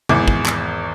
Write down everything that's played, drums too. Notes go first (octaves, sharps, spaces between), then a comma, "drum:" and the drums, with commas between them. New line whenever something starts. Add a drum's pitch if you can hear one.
G#1 E2 D6, drum: tom C3
drum: kick
drum: clap